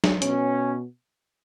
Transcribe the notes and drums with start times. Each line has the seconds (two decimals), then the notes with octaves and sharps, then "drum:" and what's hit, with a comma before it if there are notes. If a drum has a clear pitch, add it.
0.04 drum: snare
0.22 B2 C#4, drum: hi-hat